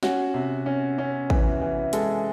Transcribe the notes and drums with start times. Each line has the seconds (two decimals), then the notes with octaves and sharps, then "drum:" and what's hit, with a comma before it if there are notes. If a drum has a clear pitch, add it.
0.03 C#4 F#4, drum: snare
0.34 C3
0.66 C#4
0.98 C#4
1.30 E3, drum: kick A1
1.61 E3
1.93 G#3 A4, drum: hi-hat